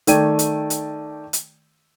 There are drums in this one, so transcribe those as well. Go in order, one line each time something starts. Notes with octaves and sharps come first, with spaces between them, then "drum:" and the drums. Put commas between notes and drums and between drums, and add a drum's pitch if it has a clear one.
D#3 A3 D5 G5 G#6 D#7, drum: hi-hat
drum: hi-hat
drum: hi-hat
drum: hi-hat